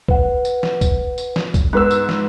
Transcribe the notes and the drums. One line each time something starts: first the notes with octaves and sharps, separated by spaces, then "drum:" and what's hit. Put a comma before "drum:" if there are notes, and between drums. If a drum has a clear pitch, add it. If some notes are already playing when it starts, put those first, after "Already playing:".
B4 F#5, drum: kick
drum: tambourine
drum: snare
drum: kick, tambourine
drum: tambourine
drum: snare
drum: kick, tambourine
G#2 B3 E6 F#6
drum: tambourine
drum: snare